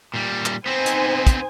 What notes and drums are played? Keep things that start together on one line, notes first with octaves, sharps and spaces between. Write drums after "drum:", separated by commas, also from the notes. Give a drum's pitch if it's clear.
A#2 G3
drum: clap
B3 C4 D#4 C5 G#5
drum: hi-hat
drum: kick, hi-hat